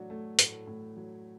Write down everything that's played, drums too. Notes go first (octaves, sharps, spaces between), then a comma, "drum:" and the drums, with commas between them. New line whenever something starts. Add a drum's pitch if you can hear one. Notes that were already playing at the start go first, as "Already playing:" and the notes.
Already playing: A2 F#3 D4 F#4
A3
A2, drum: hi-hat
A2
F#3